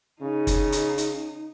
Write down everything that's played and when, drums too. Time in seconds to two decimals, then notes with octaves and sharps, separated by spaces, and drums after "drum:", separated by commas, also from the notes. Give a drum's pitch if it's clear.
0.21 C#3 D#4
0.47 drum: kick F#1, hi-hat
0.72 drum: hi-hat
0.98 drum: hi-hat